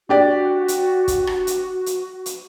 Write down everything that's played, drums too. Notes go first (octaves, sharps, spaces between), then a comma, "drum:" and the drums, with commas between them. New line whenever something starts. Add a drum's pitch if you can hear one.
D4 F#4 G4 D5
drum: hi-hat
drum: kick, hi-hat
drum: rim click
drum: hi-hat
drum: hi-hat
drum: hi-hat